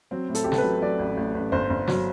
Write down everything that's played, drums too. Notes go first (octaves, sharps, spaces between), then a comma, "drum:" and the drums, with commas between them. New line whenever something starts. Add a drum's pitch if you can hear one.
F#3 C4
A2
A4, drum: hi-hat
A1 G4
A4, drum: snare
B4
F#3
F#3 D5
A1
A1
A1
G1 C5
G1
F#3, drum: snare